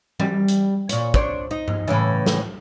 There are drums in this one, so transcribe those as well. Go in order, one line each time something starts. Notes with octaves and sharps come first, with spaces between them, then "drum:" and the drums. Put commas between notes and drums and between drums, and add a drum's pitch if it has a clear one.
G3, drum: tom
drum: hi-hat
A#2 C#5, drum: hi-hat
D4 C5 C#5, drum: kick
D#4
drum: tom G2
A2 C#3 E3
drum: snare